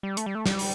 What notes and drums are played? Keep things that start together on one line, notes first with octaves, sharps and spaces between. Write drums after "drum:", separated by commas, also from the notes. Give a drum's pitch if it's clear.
G3
A3, drum: hi-hat
G3
A3
G3, drum: snare
drum: open hi-hat